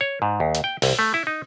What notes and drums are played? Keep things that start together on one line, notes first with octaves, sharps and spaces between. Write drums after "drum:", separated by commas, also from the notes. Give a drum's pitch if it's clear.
C#5
G#2
D#2
drum: hi-hat
G5
C2, drum: open hi-hat
A3
E4
D#4